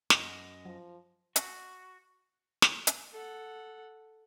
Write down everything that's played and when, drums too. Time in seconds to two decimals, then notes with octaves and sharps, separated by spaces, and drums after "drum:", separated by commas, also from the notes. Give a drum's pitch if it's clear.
0.10 F#2 D#5, drum: snare
0.65 F3 F#3
1.36 F#4, drum: hi-hat
2.62 drum: snare
2.87 drum: hi-hat
3.12 A4 F#5